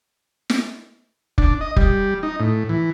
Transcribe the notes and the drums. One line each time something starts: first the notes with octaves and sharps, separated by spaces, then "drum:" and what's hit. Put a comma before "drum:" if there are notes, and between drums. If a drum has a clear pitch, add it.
drum: snare
D4, drum: kick F1
D#5
G3, drum: kick F1
D#4
A2
E3